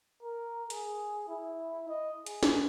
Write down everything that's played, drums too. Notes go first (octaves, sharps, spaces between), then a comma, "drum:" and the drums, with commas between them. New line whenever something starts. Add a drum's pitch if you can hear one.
A#4
G#4, drum: hi-hat
E4
D#5
G#4, drum: hi-hat
drum: snare